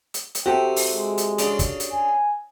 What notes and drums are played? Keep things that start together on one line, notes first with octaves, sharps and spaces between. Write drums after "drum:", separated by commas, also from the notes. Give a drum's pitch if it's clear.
drum: hi-hat
drum: hi-hat
C3 F#4 G4 A4 G5
drum: open hi-hat
G#3
drum: hi-hat
C#3 D4, drum: hi-hat
drum: kick, hi-hat
drum: hi-hat
G#5